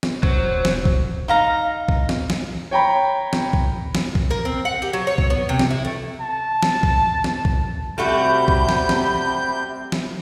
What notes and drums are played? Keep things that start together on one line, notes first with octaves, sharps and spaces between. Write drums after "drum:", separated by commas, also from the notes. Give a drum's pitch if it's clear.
drum: snare
E1 F#3 C5, drum: kick B1
drum: snare
drum: kick B1
D#4 F5 A#5
drum: kick B1
drum: snare
drum: snare
C#5 G5 A#5 B5
drum: snare
drum: kick B1
drum: snare
drum: kick B1
A#4
C4
F#5
G4
F#3
C#5
drum: kick B1
B3
C3
drum: snare
E4
A3
A5
drum: snare
drum: kick B1
drum: snare
drum: kick B1
C3 G3 A3 F#4 B5 G6
drum: kick B1
drum: snare
drum: snare
drum: snare